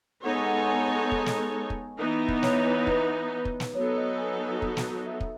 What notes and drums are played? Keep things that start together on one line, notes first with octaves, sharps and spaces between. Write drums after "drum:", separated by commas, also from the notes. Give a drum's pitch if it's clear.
G#3 B3 D#4 A4 C#5 F#5
G#5
F#5
G#5
F#5
G#5
drum: kick
drum: snare
drum: kick
E3 B3 D#4
drum: kick
C#5, drum: snare
B4
B4, drum: kick
drum: kick
drum: snare
F#3 B3 D#4 A4 C#5
D#5
G#5
drum: kick
drum: snare
E5
drum: kick